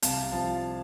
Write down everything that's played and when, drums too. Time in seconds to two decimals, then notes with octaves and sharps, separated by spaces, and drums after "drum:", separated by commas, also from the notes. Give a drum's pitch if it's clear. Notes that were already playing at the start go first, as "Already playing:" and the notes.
0.02 C2 F5 A5, drum: hi-hat
0.32 F3 F5 A5